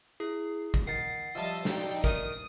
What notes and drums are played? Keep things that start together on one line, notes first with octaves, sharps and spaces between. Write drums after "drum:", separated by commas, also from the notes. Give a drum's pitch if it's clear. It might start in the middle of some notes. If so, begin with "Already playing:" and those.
E4 G#4
drum: kick
D#3 F#5 A6 C7
F3 G3 D#5 E5 A5 E6
D4 D#4 G5, drum: snare
D#3 A3 D#4 A#4 D#6, drum: kick